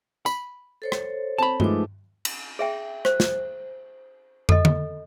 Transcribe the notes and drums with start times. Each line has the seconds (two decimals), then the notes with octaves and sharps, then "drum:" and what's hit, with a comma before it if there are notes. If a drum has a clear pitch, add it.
0.26 B5, drum: tambourine
0.82 A4 C5 C#5
0.92 drum: rim click
1.38 C4 A5 B5
1.60 F3 G#3 A3 D#4 B4 D6, drum: tom G2
2.25 drum: cymbal
2.59 G#4 E5 G5
3.05 C5, drum: rim click
3.20 drum: snare
4.49 A4 D#5, drum: tom
4.65 drum: tom D3